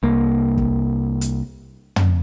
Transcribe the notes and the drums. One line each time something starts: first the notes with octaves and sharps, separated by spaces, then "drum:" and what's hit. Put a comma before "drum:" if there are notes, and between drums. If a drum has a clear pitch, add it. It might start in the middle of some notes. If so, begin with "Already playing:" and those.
C2 A#3
drum: kick
drum: hi-hat
drum: tom